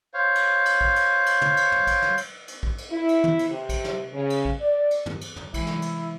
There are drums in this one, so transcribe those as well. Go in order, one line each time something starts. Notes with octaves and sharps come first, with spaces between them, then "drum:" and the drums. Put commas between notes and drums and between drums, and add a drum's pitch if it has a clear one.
C5 C#5 F5
drum: cymbal
drum: cymbal
drum: kick
drum: cymbal
drum: cymbal
drum: tom
drum: cymbal
drum: tom
drum: kick, cymbal
drum: snare
drum: cymbal
drum: cymbal
drum: kick
drum: cymbal
E4
drum: cymbal
drum: tom
drum: cymbal
C3
drum: kick, cymbal
drum: snare
C#3
drum: cymbal
drum: kick
D5
drum: cymbal
drum: tom
drum: cymbal
drum: tom
C3 E3 G#3 E4, drum: kick, cymbal
drum: snare
drum: cymbal